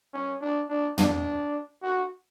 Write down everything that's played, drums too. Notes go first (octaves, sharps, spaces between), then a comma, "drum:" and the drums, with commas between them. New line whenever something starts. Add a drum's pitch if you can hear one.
C#4
D4
D4
D4, drum: tom
F#4